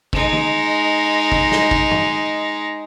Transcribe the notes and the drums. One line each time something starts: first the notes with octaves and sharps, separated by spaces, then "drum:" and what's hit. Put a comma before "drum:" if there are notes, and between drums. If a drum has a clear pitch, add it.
G#3 D#4, drum: kick
drum: tom D#3
drum: kick
drum: snare
drum: kick
drum: tom